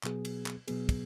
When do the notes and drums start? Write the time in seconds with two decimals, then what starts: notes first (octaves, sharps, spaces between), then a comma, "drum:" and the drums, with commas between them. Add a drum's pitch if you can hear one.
0.03 B2 F#3 B3 G#4, drum: clap
0.25 drum: cymbal
0.46 drum: clap
0.68 B2 F#3 B3 G#4, drum: cymbal
0.89 drum: kick, cymbal